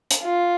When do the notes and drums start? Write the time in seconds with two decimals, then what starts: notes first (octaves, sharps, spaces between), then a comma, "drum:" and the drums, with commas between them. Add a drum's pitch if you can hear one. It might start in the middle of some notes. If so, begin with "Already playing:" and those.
0.11 drum: hi-hat
0.24 F4